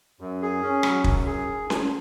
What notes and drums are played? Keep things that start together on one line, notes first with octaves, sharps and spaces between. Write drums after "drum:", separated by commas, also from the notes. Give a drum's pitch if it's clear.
F#2
G#4
C#4
F#3, drum: rim click
F#2, drum: kick
G#4
drum: snare C#4